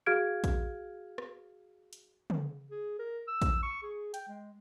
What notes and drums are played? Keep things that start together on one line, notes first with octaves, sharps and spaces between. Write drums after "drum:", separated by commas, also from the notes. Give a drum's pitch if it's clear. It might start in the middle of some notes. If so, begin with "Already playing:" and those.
F#4 G#4 F5 F6 G#6 D7
drum: kick, hi-hat
drum: rim click
drum: hi-hat
drum: tom
G#4
A#4
E6
drum: kick, hi-hat
C#6
G#4
G5, drum: hi-hat
G#3